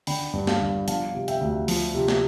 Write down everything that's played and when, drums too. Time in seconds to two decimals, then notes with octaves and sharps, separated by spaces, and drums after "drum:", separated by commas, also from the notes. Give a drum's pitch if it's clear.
0.07 D3 G5 B5, drum: open hi-hat
0.33 G2
0.47 F5 A5, drum: snare
0.61 G1
0.88 F3 F5 A5, drum: hi-hat
1.15 C3
1.28 E5 G5, drum: hi-hat
1.41 D2
1.68 F3, drum: open hi-hat
1.95 C3
2.08 drum: snare